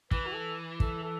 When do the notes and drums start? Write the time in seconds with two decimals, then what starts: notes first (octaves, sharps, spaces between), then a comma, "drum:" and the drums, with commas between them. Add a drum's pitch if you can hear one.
0.11 E3 B4, drum: kick
0.26 F#4
0.34 A4
0.80 A4, drum: kick
1.04 A4